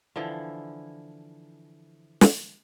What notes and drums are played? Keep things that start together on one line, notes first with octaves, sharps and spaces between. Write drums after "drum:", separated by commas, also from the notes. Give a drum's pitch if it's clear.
D3 E3 F3 E4
drum: snare